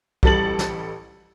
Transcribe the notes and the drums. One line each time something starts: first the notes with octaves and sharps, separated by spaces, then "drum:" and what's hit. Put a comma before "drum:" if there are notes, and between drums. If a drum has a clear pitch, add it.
A1 G3 A4 A6 F#7, drum: kick B1
drum: snare